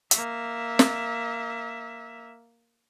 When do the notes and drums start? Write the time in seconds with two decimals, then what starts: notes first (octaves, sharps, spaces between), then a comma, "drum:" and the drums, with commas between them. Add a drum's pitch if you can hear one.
0.11 A#3 E5, drum: hi-hat
0.79 drum: snare